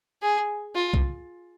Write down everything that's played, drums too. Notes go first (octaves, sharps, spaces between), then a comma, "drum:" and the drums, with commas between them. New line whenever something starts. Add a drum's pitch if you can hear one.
G#4
F4
drum: kick C2